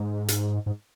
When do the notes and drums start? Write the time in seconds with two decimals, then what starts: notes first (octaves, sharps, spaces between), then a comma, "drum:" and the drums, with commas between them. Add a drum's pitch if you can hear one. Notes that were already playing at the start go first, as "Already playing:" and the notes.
Already playing: G#2
0.28 drum: hi-hat
0.66 G#2